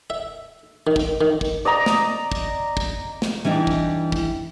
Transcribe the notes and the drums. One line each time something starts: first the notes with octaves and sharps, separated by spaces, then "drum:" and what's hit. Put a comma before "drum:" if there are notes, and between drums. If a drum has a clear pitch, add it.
E5
D#3
drum: kick
D#3
drum: kick
D5 D#5 A#5
drum: snare
drum: kick
drum: kick
drum: snare
E3 G3 D4 D#4
drum: kick
drum: kick